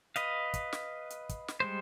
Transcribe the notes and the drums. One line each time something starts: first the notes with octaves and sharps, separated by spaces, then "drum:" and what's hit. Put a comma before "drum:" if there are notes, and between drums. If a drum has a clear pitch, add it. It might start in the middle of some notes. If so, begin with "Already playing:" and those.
B4 D#5 F5, drum: hi-hat
drum: kick, hi-hat
drum: snare
drum: hi-hat
drum: kick, hi-hat
drum: snare
G3 G#3 C5